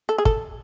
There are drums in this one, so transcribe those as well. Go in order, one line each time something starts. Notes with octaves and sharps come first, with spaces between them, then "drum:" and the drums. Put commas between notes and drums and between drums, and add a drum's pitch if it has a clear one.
A4
G#4
A4, drum: kick